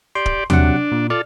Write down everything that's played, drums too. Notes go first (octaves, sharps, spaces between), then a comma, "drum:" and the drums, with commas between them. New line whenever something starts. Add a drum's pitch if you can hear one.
G4 D5 C6
drum: kick D1
C3 F#3 D4 F#5, drum: tom D#2
A#2
F4 A4 D5